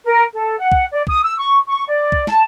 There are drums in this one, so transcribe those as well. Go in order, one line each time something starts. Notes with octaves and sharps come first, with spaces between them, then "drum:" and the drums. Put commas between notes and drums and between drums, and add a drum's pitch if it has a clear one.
A#4
A4
F#5
drum: kick C2
D5
D#6, drum: kick C2
E6
C#6
C#6
D5
drum: kick C2
A5, drum: snare